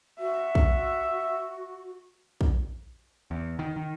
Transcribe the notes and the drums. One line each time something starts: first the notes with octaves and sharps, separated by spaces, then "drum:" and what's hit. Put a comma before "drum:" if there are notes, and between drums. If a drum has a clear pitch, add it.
F#4 E5
drum: kick
drum: kick
E2
D#3
D#3